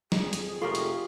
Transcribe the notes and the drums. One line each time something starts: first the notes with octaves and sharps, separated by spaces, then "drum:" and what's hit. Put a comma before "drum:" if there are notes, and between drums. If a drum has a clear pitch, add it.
F2 G#4, drum: snare
drum: hi-hat
F1 F4 G4 A4 A#4 C6 C#6
drum: hi-hat